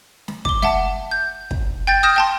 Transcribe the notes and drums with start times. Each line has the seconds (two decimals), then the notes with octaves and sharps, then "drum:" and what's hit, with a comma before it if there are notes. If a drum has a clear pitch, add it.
0.28 drum: snare
0.45 D6 G7, drum: kick
0.62 E5 F#5 A5, drum: snare
1.11 G6
1.51 drum: kick
1.87 G5 G6 A6
2.03 G5 D#6 F6 G6 A#6 E7
2.16 G5 A5 C6